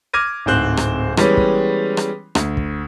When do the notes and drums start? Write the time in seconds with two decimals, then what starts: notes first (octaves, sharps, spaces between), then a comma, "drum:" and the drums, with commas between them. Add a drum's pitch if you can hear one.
0.13 D6 F6 G#6 A#6 D#7
0.46 D1 G#2 C4 C5 F#6
0.77 drum: rim click
1.17 E3 G3 G#3 B3 C#4, drum: rim click
1.37 drum: kick
1.97 drum: rim click
2.35 D2, drum: rim click
2.57 drum: kick